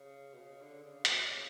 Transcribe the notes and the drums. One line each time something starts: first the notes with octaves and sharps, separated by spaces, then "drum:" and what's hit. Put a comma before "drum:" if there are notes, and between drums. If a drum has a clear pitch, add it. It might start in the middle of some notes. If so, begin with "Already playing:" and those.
Already playing: C#3
B2
C#3
D3
C#3
B2, drum: hi-hat
C#3